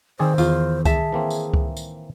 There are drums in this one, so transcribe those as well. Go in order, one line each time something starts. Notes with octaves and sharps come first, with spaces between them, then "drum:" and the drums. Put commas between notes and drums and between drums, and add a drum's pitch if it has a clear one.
D#3 C4 G#4 C5 D5 E6
E2 F4, drum: tambourine
G#4 E5 A5, drum: kick C#2, tambourine
E3 A#3 C4
drum: tambourine
drum: kick C#2
drum: tambourine